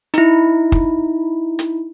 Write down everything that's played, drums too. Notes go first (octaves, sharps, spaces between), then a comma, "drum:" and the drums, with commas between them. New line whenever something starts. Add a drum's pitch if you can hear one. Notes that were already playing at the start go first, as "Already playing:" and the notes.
D#4 E4, drum: hi-hat
drum: kick
drum: hi-hat